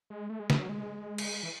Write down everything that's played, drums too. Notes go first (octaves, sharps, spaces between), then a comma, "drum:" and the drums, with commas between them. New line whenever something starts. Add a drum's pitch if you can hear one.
G#3
A3
G#3
E3, drum: snare
F#3
G#3
drum: cymbal
E3